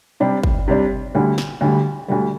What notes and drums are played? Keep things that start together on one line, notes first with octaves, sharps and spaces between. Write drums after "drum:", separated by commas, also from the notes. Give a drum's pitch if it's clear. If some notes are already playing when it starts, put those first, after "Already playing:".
C3 G3 D4
drum: kick
C3 G3 D4
D2 D3 G3
drum: snare
D2 D3 G3
D2 D3 G3